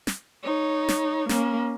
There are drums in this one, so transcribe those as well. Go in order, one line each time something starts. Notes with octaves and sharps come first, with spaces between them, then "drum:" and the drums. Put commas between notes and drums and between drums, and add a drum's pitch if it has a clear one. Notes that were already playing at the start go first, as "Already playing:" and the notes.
drum: snare
D#4 C#5
drum: snare
A#3 C#4, drum: snare